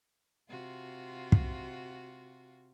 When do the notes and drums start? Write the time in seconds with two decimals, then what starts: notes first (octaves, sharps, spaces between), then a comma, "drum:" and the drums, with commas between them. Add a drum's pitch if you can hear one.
0.49 C3 F4 F#4
1.32 drum: kick